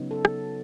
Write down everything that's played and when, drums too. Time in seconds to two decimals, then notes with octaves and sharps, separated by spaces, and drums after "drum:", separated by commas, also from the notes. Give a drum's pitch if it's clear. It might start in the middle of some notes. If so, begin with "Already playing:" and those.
Already playing: C#3 F#3 B3 D#4
0.11 A4
0.25 drum: rim click